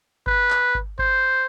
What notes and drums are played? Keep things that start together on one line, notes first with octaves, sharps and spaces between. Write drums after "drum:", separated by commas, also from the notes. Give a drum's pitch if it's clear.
B4, drum: kick G1
drum: clap
drum: kick G1
C5, drum: kick G1